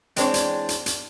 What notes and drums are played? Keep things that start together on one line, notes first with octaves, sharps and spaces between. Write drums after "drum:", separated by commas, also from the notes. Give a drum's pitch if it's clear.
E3 G#3 C4 D4 C5 C#5, drum: hi-hat
drum: hi-hat
drum: hi-hat
drum: hi-hat